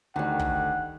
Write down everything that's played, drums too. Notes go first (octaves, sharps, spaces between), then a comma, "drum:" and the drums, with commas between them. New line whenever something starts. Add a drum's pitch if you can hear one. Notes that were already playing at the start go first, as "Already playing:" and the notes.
D2 D#3 G3 A3 F#5
drum: kick